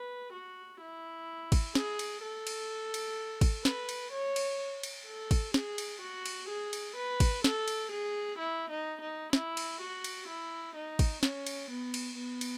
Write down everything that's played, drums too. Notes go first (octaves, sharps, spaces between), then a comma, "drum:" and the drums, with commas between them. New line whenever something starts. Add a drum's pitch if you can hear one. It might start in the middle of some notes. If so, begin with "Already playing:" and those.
Already playing: B4
F#4
E4
drum: kick, cymbal
G#4, drum: snare
drum: cymbal
A4
drum: cymbal
drum: cymbal
drum: kick, cymbal
B4, drum: snare
drum: cymbal
C#5
drum: cymbal
drum: cymbal
A4
drum: kick, cymbal
G#4, drum: snare
drum: cymbal
F#4
drum: cymbal
G#4
drum: cymbal
B4
drum: kick, cymbal
A4, drum: snare
drum: cymbal
G#4
E4
D#4
D#4
E4, drum: snare
drum: cymbal
F#4
drum: cymbal
E4
D#4
drum: kick, cymbal
C#4, drum: snare
drum: cymbal
B3
drum: cymbal
B3
drum: cymbal